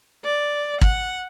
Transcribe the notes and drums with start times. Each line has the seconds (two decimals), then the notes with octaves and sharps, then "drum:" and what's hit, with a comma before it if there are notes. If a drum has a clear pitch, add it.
0.24 D5
0.81 F#5, drum: kick